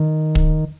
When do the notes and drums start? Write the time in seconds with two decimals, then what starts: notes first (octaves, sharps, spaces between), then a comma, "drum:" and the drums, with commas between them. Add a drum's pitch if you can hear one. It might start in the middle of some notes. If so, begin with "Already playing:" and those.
Already playing: D#3
0.35 drum: kick